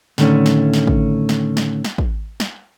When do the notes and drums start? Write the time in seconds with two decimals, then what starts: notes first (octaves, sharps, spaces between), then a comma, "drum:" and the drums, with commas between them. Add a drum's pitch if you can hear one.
0.18 A2 D3 D#3 A3 C#4, drum: snare
0.46 drum: snare
0.74 drum: snare
0.87 drum: kick
1.29 drum: snare
1.57 drum: snare
1.84 drum: snare
1.98 drum: kick
2.40 drum: snare